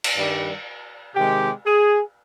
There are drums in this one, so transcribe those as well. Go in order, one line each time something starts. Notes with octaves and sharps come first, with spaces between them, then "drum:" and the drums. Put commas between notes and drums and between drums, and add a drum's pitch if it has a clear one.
drum: cymbal
G2 D#3 G3
C3 D#3 G#3 G4
G#4